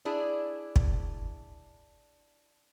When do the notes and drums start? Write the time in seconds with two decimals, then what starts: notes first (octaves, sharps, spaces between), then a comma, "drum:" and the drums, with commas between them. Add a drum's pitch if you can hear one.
0.05 D4 E4 G#4 D5
0.76 drum: kick